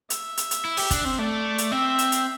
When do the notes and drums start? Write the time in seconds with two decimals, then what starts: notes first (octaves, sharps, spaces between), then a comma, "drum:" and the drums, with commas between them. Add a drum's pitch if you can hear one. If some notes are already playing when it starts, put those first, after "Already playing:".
0.10 E5, drum: hi-hat
0.37 drum: hi-hat
0.51 drum: hi-hat
0.65 E4
0.77 G4, drum: open hi-hat
0.91 D4, drum: kick, hi-hat
1.05 C4
1.18 A3 D5
1.58 drum: hi-hat
1.71 C4 E5
1.99 drum: hi-hat
2.12 drum: hi-hat